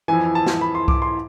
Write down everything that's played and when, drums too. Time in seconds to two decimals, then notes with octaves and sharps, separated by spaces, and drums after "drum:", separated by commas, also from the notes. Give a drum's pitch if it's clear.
0.08 F2 E3 G#5
0.35 A5
0.47 drum: snare
0.61 B5
0.75 C6
0.88 D6, drum: kick C2
1.02 C6